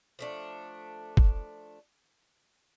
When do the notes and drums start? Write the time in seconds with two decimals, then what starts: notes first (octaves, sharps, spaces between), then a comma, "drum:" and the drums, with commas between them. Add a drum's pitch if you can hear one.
0.19 F3 A3 D4
1.17 drum: kick